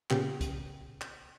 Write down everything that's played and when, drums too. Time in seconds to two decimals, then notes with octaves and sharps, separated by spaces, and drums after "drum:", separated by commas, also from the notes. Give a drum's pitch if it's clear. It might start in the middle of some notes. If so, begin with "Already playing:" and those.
0.10 A#2 C#3 B3 G4, drum: clap
0.41 drum: kick, hi-hat
1.01 drum: clap